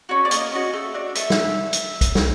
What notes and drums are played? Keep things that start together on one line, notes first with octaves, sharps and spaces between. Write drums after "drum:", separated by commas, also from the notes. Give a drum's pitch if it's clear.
C#4 F#4
D5
A#3 D#5, drum: hi-hat
C#4 F#4
A3
D4 F#4
A3 E5, drum: hi-hat
drum: snare
drum: hi-hat
drum: kick, hi-hat
drum: snare